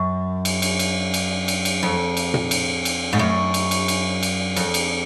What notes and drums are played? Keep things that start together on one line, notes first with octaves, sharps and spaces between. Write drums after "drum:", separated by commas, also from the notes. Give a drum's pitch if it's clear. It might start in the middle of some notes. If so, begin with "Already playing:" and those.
Already playing: F#2
drum: cymbal
drum: cymbal
drum: cymbal
drum: cymbal
drum: cymbal
drum: cymbal
F2
drum: cymbal
drum: tom A#2
drum: cymbal
drum: cymbal
G#2
F#2
drum: cymbal
drum: cymbal
drum: cymbal
drum: cymbal
F2, drum: cymbal
drum: cymbal